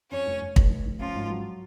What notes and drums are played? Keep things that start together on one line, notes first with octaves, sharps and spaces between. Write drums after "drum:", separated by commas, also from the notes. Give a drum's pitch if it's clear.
F2 C#4 C#5
F1
F1
F1, drum: kick
F1
F1
F3 C#4 F4
G#1
F#3